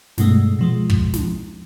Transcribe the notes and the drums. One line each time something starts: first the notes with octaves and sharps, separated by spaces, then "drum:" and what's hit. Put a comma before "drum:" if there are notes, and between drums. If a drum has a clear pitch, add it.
G2 B2 G#3 A3, drum: snare
B2 F3 G#3
drum: kick
drum: snare